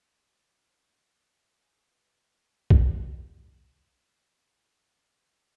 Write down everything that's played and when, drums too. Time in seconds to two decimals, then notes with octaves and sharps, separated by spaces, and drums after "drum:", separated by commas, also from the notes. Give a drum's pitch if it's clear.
0.16 C6
0.35 A6
0.50 D6
0.66 E7
0.83 G6
1.06 E7
1.23 D#6
1.43 E5
1.62 G#5
1.91 B4
2.08 A6
2.33 B6
2.70 drum: kick B1
3.52 C2 D3 A#3 B5 E7 F#7